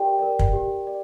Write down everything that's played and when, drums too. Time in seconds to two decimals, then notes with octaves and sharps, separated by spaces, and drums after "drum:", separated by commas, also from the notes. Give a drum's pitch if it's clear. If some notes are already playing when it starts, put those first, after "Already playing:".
Already playing: G4 A#4 D5 G5
0.19 A#4 D5
0.39 drum: kick
0.53 G4
0.87 D5